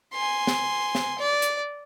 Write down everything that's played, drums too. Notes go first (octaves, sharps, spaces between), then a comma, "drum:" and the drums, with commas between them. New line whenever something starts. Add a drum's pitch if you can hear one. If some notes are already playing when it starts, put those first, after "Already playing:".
G#5 C6
drum: snare
drum: snare
D5
drum: hi-hat